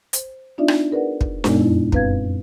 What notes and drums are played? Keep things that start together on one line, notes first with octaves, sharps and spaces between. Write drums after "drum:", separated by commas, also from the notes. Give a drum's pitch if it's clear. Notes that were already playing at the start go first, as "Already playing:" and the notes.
C5, drum: hi-hat
B3 D4 D#4 F4 D5 E5
drum: rim click
G#4 A#4 B4 D5 F#5
drum: kick
F#2 A#2 G#3 B3 D4 D#4, drum: snare D4
F2 E4
F#2 C4 B4 F5 G#6, drum: kick